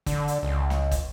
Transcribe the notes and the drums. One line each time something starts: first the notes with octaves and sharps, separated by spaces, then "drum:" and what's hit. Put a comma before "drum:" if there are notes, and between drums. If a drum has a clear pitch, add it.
D3, drum: kick, hi-hat
drum: hi-hat
C#2
drum: snare
drum: kick, hi-hat